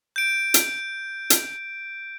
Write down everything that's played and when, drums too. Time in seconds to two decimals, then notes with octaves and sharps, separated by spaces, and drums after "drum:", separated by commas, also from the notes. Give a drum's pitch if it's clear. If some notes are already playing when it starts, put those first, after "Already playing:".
0.16 G6 D7
0.54 drum: hi-hat
1.30 drum: hi-hat